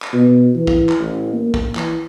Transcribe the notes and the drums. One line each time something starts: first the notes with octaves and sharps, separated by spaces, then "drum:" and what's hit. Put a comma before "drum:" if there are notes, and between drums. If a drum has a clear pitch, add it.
drum: clap
B2
E3
drum: kick
drum: clap
A1
A#3
drum: kick
E3, drum: clap